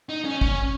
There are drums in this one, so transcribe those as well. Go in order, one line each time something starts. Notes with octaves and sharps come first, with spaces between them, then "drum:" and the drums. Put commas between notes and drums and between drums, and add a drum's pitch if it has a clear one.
D#4
C#4
C#4, drum: kick